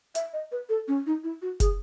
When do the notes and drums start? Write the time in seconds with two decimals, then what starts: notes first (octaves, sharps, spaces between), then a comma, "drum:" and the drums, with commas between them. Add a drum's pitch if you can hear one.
0.15 E5, drum: hi-hat
0.33 D#5
0.52 B4
0.69 A4
0.88 C#4
1.06 D#4
1.24 E4
1.42 F#4
1.60 G#4, drum: kick, hi-hat